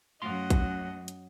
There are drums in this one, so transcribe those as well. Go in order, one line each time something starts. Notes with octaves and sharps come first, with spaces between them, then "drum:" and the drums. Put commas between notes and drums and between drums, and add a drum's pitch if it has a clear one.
F#2 A3 D#5 F5 F#5 C6
drum: kick A#1, hi-hat
drum: hi-hat